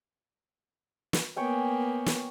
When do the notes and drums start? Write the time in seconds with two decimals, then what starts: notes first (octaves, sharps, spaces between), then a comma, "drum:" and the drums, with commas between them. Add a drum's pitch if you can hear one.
1.13 drum: snare
1.36 A#3 B3 C#5 G5 G#5
2.06 drum: snare